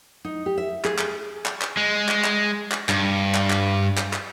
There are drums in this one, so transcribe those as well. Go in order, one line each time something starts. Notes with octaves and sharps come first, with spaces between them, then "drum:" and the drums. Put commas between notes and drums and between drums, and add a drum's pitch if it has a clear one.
D#4
G4
E5
G#4, drum: clap
drum: clap
drum: clap
drum: clap
G#3
drum: clap
drum: clap
drum: clap
G2, drum: clap
drum: clap
drum: clap
drum: clap
drum: clap